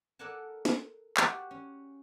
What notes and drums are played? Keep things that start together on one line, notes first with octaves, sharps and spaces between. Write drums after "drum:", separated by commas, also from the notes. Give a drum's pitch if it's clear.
A4 A#4 D5 F#5 G#5 A5
drum: snare
F#4 G4 D5 F#5, drum: clap
C#4